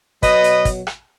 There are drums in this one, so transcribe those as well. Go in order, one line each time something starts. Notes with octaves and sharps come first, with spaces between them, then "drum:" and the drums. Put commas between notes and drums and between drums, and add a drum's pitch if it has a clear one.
B2 F#3 B4 D#5, drum: kick, hi-hat
drum: hi-hat
drum: kick, hi-hat
drum: rim click